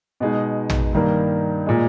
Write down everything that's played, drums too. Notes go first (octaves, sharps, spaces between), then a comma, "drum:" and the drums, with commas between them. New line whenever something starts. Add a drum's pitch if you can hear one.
B2 G#3 D#4
drum: tom
G2 D#3 G3 A#3
A#2 G#3